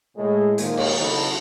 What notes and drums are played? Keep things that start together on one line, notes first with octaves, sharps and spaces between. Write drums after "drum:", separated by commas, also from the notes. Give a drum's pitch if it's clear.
A2 G#3
A#2 D#3 F3 F#3 G#3 A#3, drum: hi-hat
drum: cymbal
C#3 F#3 B3 D#4 E4 A4